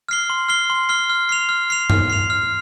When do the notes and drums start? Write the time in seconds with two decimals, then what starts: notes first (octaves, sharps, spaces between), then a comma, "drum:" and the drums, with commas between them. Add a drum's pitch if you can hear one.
0.09 F6 C7 G7
0.30 C6
0.48 F6 C7 G7
0.70 C6
0.89 F6 C7 G7
1.10 F6
1.29 C7 F7
1.49 F6
1.70 C7 F7
1.90 F6, drum: tom G2
2.10 C7 F7
2.30 F6